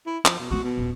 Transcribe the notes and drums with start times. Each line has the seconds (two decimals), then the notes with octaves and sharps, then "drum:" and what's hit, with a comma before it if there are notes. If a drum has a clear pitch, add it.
0.06 E4
0.26 F3, drum: clap
0.39 B2
0.51 B3 F4 F#4
0.64 B2
0.77 D#1